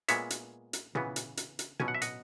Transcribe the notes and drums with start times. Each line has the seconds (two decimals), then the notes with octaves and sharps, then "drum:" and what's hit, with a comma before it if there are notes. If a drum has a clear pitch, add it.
0.08 A#2 G#3 B3 C#5 E5, drum: hi-hat
0.30 drum: hi-hat
0.73 drum: hi-hat
0.95 C#3 E3 B3, drum: tom
1.16 drum: hi-hat
1.37 drum: hi-hat
1.59 drum: hi-hat
1.80 B2 F#3 C#4 G#5, drum: tom
1.88 F#5
1.94 E5
2.02 D#5 F#5, drum: hi-hat